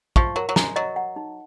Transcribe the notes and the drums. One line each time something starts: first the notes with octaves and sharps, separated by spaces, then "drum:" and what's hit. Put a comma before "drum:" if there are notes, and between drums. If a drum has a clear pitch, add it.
F3 C#6, drum: kick
F#3 A#4
F#3
G#3 A#5, drum: snare
F#3 D#5
F#5
D#4